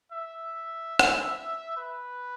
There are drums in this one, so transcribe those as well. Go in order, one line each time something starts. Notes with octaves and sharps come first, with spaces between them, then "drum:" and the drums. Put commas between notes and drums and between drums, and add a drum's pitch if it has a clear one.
E5
drum: rim click
B4